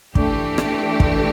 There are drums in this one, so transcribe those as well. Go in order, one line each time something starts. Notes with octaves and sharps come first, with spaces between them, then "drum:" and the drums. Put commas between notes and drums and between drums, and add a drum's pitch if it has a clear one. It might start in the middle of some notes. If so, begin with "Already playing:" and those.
E3 A3 D4 G4, drum: kick
drum: rim click
drum: kick